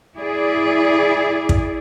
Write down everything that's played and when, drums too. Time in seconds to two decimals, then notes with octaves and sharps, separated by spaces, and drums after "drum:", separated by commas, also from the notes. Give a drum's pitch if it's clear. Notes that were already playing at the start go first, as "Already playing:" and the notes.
0.16 E4 G#4 D5
1.49 drum: kick